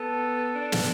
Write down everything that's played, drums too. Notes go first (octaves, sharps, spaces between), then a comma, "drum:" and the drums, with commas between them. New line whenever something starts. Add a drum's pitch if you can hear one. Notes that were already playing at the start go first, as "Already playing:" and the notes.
Already playing: B3 A4
D4
drum: snare